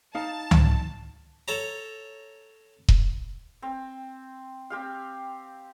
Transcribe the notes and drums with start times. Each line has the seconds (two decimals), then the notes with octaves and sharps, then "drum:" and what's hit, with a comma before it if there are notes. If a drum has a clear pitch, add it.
0.15 D#4 D#5 F5 A5
0.51 drum: tom C#2
1.48 A4 C#5 A#5
2.88 drum: kick E1
3.62 C4
4.70 C4 G4 F5